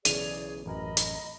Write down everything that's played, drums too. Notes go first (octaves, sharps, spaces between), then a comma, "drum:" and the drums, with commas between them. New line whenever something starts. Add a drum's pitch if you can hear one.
B1 C#3 E3 G#4 C#5 D5 D#7 F7, drum: hi-hat
A1 F#2 A#4 D#5 A#5 B5
drum: hi-hat